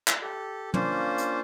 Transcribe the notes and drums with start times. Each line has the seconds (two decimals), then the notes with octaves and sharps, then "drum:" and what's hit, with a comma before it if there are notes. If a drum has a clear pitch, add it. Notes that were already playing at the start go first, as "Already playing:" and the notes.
0.08 drum: clap
0.22 G4 A4
0.74 A#3 C#4 D4 F4 C5, drum: tom
1.18 drum: hi-hat